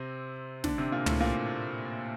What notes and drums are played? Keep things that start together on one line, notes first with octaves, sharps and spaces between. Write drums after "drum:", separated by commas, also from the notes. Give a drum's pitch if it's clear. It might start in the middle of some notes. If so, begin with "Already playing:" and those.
Already playing: C3 C4
D3 D4, drum: snare
C3 C4
A#2 A#3
A2 A3, drum: tom
A#2 A#3